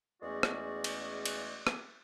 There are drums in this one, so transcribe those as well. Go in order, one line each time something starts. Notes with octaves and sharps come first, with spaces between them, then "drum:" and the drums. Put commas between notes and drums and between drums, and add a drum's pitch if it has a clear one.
E2 G#3 A3 C#4 F#4 D5
drum: rim click
drum: cymbal
drum: cymbal
drum: rim click